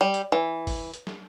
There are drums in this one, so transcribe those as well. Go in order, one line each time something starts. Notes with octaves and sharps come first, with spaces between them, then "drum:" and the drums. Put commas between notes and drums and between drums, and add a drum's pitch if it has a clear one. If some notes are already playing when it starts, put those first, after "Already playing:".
G3
drum: hi-hat
E3
drum: kick, open hi-hat
drum: hi-hat
drum: snare